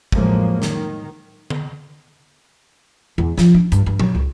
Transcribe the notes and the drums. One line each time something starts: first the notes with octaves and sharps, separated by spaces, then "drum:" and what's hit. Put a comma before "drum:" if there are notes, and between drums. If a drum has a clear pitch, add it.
F2 A2 F3 F#3 G#3 A#3, drum: kick
D#3, drum: snare
drum: tom D3
E2
F3, drum: snare
D4
G2, drum: hi-hat
G2
F#3, drum: tom A#2
C#2